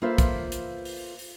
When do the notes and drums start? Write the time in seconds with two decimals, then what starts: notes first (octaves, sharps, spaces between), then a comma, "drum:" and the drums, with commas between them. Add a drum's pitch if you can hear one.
0.02 A#3 F4 A4 B4 C5 E5
0.18 drum: kick, hi-hat
0.52 drum: hi-hat
0.85 drum: open hi-hat
1.19 drum: open hi-hat